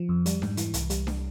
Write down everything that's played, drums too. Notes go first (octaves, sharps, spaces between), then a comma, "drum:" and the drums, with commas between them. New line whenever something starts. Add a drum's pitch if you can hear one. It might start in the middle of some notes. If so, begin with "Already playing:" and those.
Already playing: F3
F2
G3, drum: hi-hat
G#2, drum: snare D4
E3, drum: hi-hat
C2, drum: hi-hat
G3, drum: hi-hat
drum: snare D4